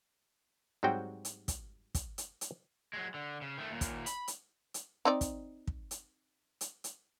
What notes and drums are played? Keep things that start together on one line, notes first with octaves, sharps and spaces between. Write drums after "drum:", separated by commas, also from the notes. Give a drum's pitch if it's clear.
G#2 F#3 G3 C4 F#4 G5
drum: hi-hat
drum: kick, hi-hat
drum: kick, hi-hat
drum: hi-hat
drum: hi-hat
F#3 G#3
D3
C#3
D#3 A3
D#2 A#2
drum: kick, hi-hat
B5, drum: hi-hat
drum: hi-hat
drum: hi-hat
C4 D#4 D5
drum: kick, hi-hat
drum: kick
drum: hi-hat
drum: hi-hat
drum: hi-hat